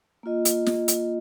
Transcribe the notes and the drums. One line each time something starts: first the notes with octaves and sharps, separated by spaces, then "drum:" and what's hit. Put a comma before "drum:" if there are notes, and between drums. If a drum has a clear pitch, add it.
A#3 F4 D#5
drum: hi-hat
drum: snare
drum: hi-hat